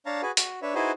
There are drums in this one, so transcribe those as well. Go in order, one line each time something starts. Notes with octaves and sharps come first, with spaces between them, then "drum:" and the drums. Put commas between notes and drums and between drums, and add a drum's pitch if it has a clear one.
D4 C#5 F5 A5 A#5
F#4 G#4 B4
F#4, drum: hi-hat
D4 B4 C#5 E5
D#4 E4 F#4 G#4 B4 C5